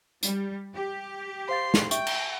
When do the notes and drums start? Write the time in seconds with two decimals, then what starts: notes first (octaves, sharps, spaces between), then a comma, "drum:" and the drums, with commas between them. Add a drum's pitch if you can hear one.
0.23 G3, drum: hi-hat
0.73 G4
1.49 C5 F5 C6 A6
1.74 drum: snare
1.91 E5 G5 C#6, drum: hi-hat
2.07 drum: cymbal